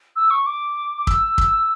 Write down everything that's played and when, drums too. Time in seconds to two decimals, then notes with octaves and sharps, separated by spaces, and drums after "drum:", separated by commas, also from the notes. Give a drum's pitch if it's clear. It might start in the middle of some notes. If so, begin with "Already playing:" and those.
0.16 E6
0.30 C#6
0.46 D6
0.97 D6
1.07 E6, drum: kick
1.38 drum: kick